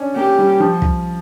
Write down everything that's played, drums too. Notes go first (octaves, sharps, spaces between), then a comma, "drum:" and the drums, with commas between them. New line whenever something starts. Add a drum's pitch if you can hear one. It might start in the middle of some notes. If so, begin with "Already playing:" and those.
Already playing: C#4 D4
A#3 G4
G3
F3
drum: kick